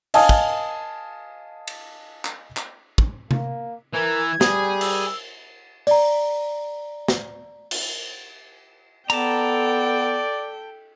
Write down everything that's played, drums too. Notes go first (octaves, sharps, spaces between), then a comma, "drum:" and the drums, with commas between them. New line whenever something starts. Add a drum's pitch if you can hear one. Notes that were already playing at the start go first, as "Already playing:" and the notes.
D#5 F5 G#5 A5 D#6, drum: cymbal
drum: kick
drum: cymbal
drum: clap
drum: clap
drum: kick
A#3, drum: tom C3
E3 A#4 G#6
G3 G#4, drum: snare
E6, drum: cymbal
D5 A#5, drum: open hi-hat
drum: snare
drum: cymbal
B3 A4 D5 G5 A5 A#5, drum: cymbal